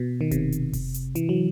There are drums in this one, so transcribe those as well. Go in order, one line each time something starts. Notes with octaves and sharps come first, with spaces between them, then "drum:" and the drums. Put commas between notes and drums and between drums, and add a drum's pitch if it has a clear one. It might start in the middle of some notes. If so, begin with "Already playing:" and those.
Already playing: B2
D#3
C3, drum: kick F1, hi-hat
drum: hi-hat
drum: kick F1, open hi-hat
drum: hi-hat
E3, drum: hi-hat
F#3